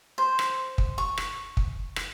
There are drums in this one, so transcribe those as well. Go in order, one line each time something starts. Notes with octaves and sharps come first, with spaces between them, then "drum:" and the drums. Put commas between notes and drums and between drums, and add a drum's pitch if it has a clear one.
C5
drum: rim click
drum: kick
C#6
drum: rim click
drum: kick
drum: rim click